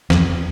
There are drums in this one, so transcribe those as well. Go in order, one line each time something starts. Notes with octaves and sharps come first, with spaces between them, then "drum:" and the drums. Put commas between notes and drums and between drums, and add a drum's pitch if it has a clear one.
F2, drum: snare